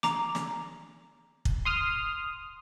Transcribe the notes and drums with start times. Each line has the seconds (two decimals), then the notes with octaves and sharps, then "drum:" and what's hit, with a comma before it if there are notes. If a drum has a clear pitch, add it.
0.03 A#5 D6, drum: snare
0.35 drum: snare
1.45 drum: kick
1.65 C6 D#6 F6